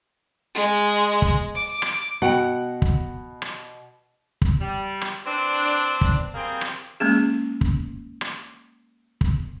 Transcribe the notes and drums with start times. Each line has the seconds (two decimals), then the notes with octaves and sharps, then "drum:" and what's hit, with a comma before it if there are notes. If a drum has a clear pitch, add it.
0.55 G#3
1.22 drum: kick
1.55 D6
1.82 drum: rim click
2.22 B2 F#4 F#5 G5
2.82 drum: kick
3.42 drum: rim click
4.42 drum: kick
4.60 G3
5.01 drum: rim click
5.25 E3 C4 D4
6.01 drum: kick
6.34 G3 A#3 C4 G#4
6.61 drum: rim click
7.00 G#3 A#3 C#4 G#4
7.61 drum: kick
8.21 drum: rim click
9.21 drum: kick